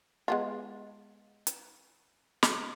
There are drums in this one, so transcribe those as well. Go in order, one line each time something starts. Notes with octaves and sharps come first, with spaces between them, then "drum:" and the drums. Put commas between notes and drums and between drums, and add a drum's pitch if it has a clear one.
G#3 B3 F4
drum: hi-hat
drum: snare